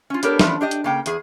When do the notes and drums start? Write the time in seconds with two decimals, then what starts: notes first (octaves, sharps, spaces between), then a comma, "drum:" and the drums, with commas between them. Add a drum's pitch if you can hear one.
0.10 C#4 F4
0.23 B3 D4 G4 A4 A#4 C#5, drum: hi-hat
0.39 E3 F3 B3 C#4 D4, drum: snare
0.61 D4 G4 D#5
0.71 drum: hi-hat
0.84 C#3 A#3 G5
1.06 E2 G#4, drum: hi-hat